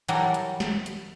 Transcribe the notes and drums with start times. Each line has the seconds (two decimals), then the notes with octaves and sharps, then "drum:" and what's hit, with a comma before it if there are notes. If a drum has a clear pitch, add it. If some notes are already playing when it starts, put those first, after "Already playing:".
0.09 E3 F#3 G3 F#4 A4 A#4, drum: hi-hat
0.34 drum: hi-hat
0.60 drum: snare
0.86 drum: hi-hat